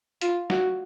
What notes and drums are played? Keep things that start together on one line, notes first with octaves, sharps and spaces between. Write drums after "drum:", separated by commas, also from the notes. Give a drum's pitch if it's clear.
F4, drum: hi-hat
F#4, drum: snare